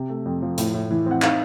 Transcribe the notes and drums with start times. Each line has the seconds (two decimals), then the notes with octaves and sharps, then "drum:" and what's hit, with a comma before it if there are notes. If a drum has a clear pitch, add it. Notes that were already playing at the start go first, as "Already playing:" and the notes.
Already playing: C3
0.09 A3
0.25 F2
0.42 F3
0.58 A2, drum: hi-hat
0.74 A2
0.91 E3
1.06 C4 F#5
1.22 D#4 F5, drum: clap